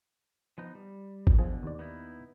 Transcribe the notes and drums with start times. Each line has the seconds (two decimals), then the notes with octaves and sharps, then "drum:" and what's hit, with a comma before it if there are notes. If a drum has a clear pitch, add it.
0.58 F3 B3 D#4
0.75 G3
1.27 drum: kick G#1
1.38 B2 D3 F3 G#4
1.63 D#2 D5
1.79 B3 D#4 E4